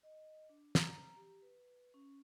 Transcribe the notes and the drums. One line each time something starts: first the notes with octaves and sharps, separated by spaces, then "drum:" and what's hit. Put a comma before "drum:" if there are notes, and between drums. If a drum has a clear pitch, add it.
D#5
D4
A#5, drum: snare
A#5
G4
B4
C#4